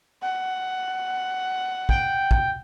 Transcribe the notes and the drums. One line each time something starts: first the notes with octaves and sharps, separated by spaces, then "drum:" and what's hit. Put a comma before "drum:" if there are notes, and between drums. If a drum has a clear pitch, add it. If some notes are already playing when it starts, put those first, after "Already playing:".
F#5
G5, drum: kick
drum: kick